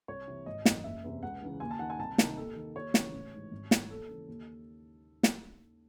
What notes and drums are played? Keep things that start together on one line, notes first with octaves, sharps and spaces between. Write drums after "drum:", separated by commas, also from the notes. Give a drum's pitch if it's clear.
C2 C#5
C3 E3
G#1 D#5
F#2 E3, drum: snare
F#1 E5
E2 C3
C#2 F#5
C#3 E3
D#2 G#5
A5
D#3 F#5
G#5
C2 A5
C3 D#3, drum: snare
D#2 A4
D#3
D#2 C#5
C#3 E3, drum: snare
A1
G#2 E3
G#1
G#2 E3, drum: snare
D#2 A4
C#3 E3
D#2
drum: snare